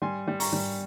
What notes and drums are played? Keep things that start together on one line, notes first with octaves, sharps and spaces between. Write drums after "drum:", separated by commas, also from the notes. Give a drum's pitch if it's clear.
G3 G#5 C6
G3
A#5 C#6, drum: open hi-hat
G3